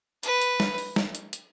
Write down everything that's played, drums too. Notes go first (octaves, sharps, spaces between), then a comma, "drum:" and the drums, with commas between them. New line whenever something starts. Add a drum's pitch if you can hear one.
B4, drum: hi-hat
drum: hi-hat
drum: snare
drum: open hi-hat
drum: snare
drum: hi-hat
drum: hi-hat